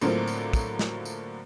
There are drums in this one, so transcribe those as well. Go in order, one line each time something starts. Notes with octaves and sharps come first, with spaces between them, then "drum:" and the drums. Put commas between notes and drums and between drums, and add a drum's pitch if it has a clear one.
A2 D3 F#3 A#3 C4 F4, drum: tambourine
drum: tambourine
drum: kick, tambourine
drum: snare
drum: tambourine